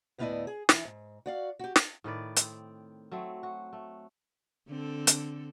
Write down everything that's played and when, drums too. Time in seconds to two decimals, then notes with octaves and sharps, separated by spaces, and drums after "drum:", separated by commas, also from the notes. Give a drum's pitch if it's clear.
0.18 D2 A2 B3 E4 D5 D#5
0.47 G#4
0.69 E3 E4, drum: snare
0.85 G#2
1.26 F#4 D5 F5
1.59 F#4 G4
1.76 drum: snare
2.04 A2 D#3 B4 D5
2.36 C4, drum: hi-hat
3.12 F#3 A3 C4
3.43 F#4
3.73 A3
4.68 D3 C4 A4
5.07 drum: hi-hat